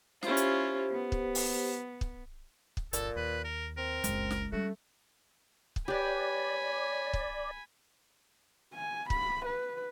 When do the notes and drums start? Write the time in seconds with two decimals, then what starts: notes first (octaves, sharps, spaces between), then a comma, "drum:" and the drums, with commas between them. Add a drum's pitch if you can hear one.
0.23 C#4 E4 F4 G4 C5, drum: snare
0.37 drum: hi-hat
0.91 B3
1.12 drum: kick
1.35 drum: open hi-hat
2.01 drum: kick
2.77 drum: kick
2.93 G1 A#2 A4, drum: hi-hat
3.16 D#2 B4
3.44 A#4
3.77 C4 A#4
4.04 F#1 C#2 G#3, drum: hi-hat
4.31 drum: snare
4.52 G3 A3 C#4 F#4
5.76 drum: kick
5.88 G4 B4 C#5 D5 G#5 B5
7.13 drum: kick
8.74 G#5
9.10 B5, drum: kick
9.46 B4